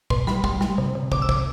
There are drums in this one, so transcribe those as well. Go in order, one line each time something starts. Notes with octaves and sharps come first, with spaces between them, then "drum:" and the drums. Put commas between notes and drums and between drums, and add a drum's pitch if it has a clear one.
B2 C6, drum: kick
G3 B5, drum: snare
G3 C6, drum: kick
G3, drum: snare
C3
C3
C3 D6, drum: kick
E6
C3 D6, drum: kick